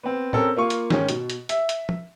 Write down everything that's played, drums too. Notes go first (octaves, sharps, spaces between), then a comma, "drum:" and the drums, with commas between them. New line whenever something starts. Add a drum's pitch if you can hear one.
B3 C4
C4 C#4 A4 A#4, drum: tom A2
A#3 F4 C#6
drum: hi-hat
G#2 D#3 C#4, drum: snare
B2, drum: hi-hat
drum: hi-hat
E5, drum: hi-hat
drum: hi-hat
drum: tom